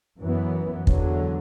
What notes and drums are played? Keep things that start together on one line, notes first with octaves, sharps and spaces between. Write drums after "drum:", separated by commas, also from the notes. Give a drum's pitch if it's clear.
F#2 E3 B3
E2 D3 F#3, drum: kick